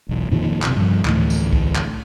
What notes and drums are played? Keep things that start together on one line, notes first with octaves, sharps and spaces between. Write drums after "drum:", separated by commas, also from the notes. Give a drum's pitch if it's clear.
E1 B1
F2 A#2 D#3 F3
A#1 C3, drum: clap
G2 F3
D2 A2 E3 A3, drum: clap
drum: tambourine
drum: kick B1
drum: clap